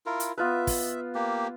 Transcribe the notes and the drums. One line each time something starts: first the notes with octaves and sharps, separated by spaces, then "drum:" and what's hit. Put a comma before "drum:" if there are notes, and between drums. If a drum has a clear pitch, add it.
E4 F4 A#4
drum: hi-hat
B3 F4 B4 E5
drum: kick, open hi-hat
A#3 G4